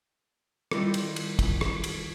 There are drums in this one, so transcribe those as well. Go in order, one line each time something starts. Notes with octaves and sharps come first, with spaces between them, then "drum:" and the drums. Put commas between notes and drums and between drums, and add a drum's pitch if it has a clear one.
D#3 G3 E4 F4 D#5, drum: rim click
drum: cymbal
drum: cymbal
drum: kick, cymbal
drum: rim click
drum: cymbal